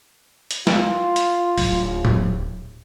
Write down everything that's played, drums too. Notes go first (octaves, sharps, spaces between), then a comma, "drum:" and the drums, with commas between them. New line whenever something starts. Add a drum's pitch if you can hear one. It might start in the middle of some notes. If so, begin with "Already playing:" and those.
drum: hi-hat
F4, drum: snare
drum: hi-hat
D1, drum: open hi-hat
drum: tom A2